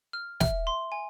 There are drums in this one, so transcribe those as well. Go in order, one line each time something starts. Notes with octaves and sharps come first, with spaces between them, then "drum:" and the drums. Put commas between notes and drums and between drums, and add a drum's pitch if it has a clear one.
F6
E5, drum: snare
C6
G#5